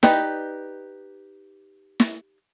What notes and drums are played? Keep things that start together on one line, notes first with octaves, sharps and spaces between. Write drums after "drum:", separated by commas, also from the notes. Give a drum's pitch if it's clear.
D#4 G4 B4 D5 D#5, drum: snare
drum: snare